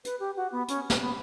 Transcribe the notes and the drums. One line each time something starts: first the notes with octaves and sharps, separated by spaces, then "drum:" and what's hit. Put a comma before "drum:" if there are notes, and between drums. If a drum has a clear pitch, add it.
B4, drum: hi-hat
G4
F#4
B3
C#4, drum: hi-hat
drum: snare
B3